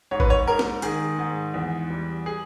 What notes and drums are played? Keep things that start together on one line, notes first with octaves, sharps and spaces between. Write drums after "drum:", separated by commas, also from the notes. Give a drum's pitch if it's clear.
G#2 C#5
B4, drum: kick
C#5
G#2 A#4
drum: snare
D#3 G#4, drum: hi-hat
G#2
E2
G3
G#4